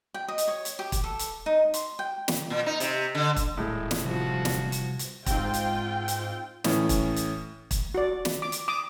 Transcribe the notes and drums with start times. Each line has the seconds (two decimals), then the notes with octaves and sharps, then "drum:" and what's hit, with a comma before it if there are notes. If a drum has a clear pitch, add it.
0.14 G5
0.28 D#5
0.38 drum: hi-hat
0.48 C#5
0.65 drum: hi-hat
0.79 G4
0.92 drum: kick, hi-hat
1.04 A4
1.19 drum: hi-hat
1.46 D#4
1.74 C6, drum: hi-hat
1.99 G5
2.28 drum: snare
2.50 A#2
2.66 D#4
2.80 C3, drum: hi-hat
3.15 D3
3.36 drum: kick, hi-hat
3.57 D#1 A2 G#3
3.91 drum: snare
4.06 C2 F3 F#4
4.45 drum: snare
4.72 drum: hi-hat
4.99 drum: hi-hat
5.26 G#2 C4 F4 G5, drum: kick, hi-hat
5.54 drum: hi-hat
6.08 drum: hi-hat
6.64 A2 E3 C#4, drum: snare
6.89 drum: kick, hi-hat
7.16 drum: hi-hat
7.71 drum: kick, hi-hat
7.94 F#4 D5
8.25 drum: snare
8.42 D6
8.52 drum: hi-hat
8.68 D6 D#6